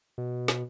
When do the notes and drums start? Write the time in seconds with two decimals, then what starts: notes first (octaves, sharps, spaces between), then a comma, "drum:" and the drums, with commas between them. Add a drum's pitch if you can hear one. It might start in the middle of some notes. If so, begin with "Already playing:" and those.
0.18 B2
0.48 drum: snare